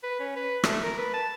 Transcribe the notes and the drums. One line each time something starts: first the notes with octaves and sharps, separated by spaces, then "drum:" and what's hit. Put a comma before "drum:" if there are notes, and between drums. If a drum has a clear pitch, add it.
B4
C#4
B4
A3, drum: rim click
A#4
B4
A5